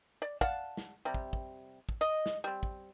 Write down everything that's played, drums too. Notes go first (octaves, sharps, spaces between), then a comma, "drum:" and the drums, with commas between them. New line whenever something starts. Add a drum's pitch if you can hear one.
D5
D5 F5 F#5 A5, drum: kick
drum: snare
C3 G3
drum: kick
drum: kick
drum: kick
D#5
drum: snare
G3 C4
drum: kick